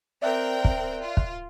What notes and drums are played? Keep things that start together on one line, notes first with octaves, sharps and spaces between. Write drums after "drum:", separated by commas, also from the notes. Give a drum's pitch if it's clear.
C4 A#4 D5 E5 G5 F#6
drum: kick
F4
drum: kick